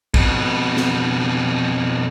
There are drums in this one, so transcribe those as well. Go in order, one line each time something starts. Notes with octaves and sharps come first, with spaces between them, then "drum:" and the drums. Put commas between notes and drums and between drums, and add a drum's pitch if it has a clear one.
F2 B2, drum: kick
drum: snare